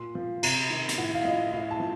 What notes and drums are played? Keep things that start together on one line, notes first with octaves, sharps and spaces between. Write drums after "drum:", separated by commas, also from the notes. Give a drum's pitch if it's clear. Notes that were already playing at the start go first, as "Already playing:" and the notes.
Already playing: A#2 C6
F3
C3 A#5, drum: cymbal
D#3
drum: hi-hat
A2 F#5
F5
F3 D#5
A2 F5
A5
F3